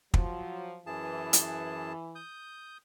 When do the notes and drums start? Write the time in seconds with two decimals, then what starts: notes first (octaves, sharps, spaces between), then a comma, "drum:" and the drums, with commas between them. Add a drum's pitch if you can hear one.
0.14 F3 F#3, drum: kick
0.87 F#2 E3 G#4 A5
1.33 drum: hi-hat
2.15 D#6 G6